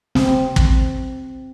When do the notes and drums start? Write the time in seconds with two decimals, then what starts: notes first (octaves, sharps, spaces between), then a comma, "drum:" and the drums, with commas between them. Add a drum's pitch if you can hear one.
0.15 C4, drum: snare
0.56 drum: kick